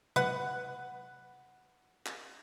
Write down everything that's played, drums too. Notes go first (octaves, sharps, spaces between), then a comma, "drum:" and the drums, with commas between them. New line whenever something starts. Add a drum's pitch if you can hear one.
B4 F#5, drum: tom C3
drum: clap